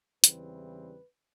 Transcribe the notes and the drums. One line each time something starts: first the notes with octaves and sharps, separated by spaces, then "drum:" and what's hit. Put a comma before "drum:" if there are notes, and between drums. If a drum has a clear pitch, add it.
E2 C#3 E3 G3 C4 B4, drum: hi-hat